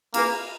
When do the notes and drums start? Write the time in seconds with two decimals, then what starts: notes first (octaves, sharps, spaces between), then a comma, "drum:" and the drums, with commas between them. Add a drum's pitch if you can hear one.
0.14 A#3 E4 G#4 B4, drum: cymbal